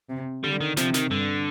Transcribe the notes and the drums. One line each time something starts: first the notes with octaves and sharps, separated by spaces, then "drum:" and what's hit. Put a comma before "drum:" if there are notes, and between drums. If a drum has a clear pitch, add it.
C3
D3 G3
D#3
C3 F3, drum: snare
D#3, drum: snare
G2 D3